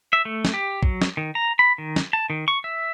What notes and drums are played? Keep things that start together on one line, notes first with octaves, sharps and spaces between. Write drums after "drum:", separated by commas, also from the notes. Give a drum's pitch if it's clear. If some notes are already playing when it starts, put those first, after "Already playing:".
E5
A3
drum: snare
G4
F#3, drum: kick A#1
drum: snare
D#3
A#5
B5
D#3
drum: snare
A5
D#3
C#6
E5